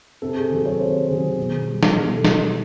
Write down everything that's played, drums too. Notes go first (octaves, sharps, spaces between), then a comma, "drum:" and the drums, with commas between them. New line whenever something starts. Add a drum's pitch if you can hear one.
C3 A4
G#4
D#3 F#3 A4
C#5
C3 C5
D#3 F#3 G#4
B2
G3
drum: snare
B2 A4
G3, drum: snare